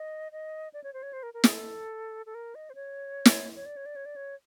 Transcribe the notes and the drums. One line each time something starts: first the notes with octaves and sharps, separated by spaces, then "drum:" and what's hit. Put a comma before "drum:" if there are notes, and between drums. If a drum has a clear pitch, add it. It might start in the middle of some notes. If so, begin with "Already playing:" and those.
Already playing: D#5
D#5
D5
C#5
C5
C#5
C5
A#4
A#4
G#4, drum: snare
A4
A4
A#4
D#5
C5
C#5
drum: snare
C#5
D5
C#5
D5
C#5
D5
C#5